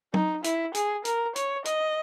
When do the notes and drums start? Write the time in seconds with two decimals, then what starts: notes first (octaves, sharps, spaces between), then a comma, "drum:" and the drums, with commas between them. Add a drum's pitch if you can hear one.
0.14 D#4, drum: tom
0.44 E4, drum: hi-hat
0.75 G#4, drum: hi-hat
1.05 A#4, drum: hi-hat
1.36 C#5, drum: hi-hat
1.65 D#5, drum: hi-hat